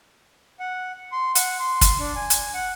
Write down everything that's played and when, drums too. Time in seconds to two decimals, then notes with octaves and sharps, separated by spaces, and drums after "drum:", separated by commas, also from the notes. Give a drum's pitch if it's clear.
0.59 F#5
1.12 C6
1.35 F#5, drum: hi-hat
1.60 C6
1.81 drum: kick, hi-hat
1.99 D4
2.16 G#5
2.30 drum: hi-hat
2.54 F#5